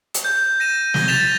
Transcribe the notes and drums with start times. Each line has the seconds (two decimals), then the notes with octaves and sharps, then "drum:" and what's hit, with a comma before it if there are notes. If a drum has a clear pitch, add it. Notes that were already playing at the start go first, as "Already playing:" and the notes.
0.14 drum: hi-hat
0.25 G6
0.60 A#6 D#7 E7
0.94 G#6 A#6 G7, drum: snare
1.08 A6 B6 E7 F7 G7